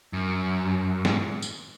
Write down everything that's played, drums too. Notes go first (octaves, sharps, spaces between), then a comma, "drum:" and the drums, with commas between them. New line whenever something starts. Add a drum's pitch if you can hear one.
F#2
G#2, drum: snare
drum: tambourine